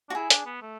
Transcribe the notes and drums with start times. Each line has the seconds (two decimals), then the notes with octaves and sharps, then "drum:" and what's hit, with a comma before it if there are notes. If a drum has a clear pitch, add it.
0.09 D4 F#4
0.15 E4 G#4
0.30 D4, drum: hi-hat
0.45 B3
0.62 A3